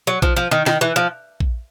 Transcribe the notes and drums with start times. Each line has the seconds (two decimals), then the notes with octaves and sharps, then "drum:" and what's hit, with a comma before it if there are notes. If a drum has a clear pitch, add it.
0.07 F#3
0.22 F3, drum: kick A#1
0.36 F3
0.51 D#3
0.66 D#3, drum: snare
0.81 E3
0.96 F3
1.40 drum: kick A#1